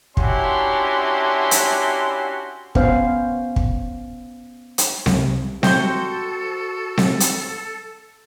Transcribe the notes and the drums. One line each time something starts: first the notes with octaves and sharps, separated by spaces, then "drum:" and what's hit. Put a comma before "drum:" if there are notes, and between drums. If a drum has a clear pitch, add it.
C#4 D4 E4 F#4 G4 C6, drum: kick
drum: hi-hat
B3 C#4 C5 F5, drum: kick
drum: kick
drum: hi-hat
C2, drum: snare C4
F#4 A4 C5 D#5 G5 C6, drum: snare C4
drum: snare C4
drum: hi-hat